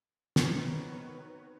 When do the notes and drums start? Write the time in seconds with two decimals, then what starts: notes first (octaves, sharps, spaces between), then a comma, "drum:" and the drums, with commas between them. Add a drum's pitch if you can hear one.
0.36 drum: snare
0.49 D#3 B3 C4 F#4 B4 C#5